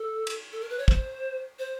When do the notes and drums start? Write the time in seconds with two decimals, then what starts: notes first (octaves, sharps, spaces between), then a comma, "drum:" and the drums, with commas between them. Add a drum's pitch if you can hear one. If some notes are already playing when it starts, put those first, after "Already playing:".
Already playing: A4
0.27 drum: cymbal
0.52 A4
0.61 A#4
0.70 B4
0.79 C#5
0.88 C5, drum: kick
1.59 C5